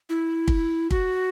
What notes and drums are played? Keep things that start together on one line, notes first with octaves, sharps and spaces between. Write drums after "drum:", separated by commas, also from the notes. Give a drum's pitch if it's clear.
E4
drum: kick
F#4, drum: kick